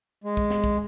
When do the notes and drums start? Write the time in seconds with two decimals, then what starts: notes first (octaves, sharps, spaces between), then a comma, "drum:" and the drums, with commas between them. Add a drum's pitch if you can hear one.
0.24 G#3
0.37 drum: kick
0.50 drum: snare
0.64 drum: kick